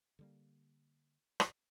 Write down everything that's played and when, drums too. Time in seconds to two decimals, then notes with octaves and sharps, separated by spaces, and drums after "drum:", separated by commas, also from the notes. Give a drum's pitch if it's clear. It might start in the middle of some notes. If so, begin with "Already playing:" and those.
0.19 D3 G3 A#3
1.40 drum: rim click